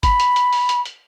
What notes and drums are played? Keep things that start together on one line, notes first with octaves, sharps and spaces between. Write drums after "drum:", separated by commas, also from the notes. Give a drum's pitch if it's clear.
B5, drum: kick, hi-hat
drum: hi-hat
drum: hi-hat
drum: open hi-hat
drum: hi-hat
drum: hi-hat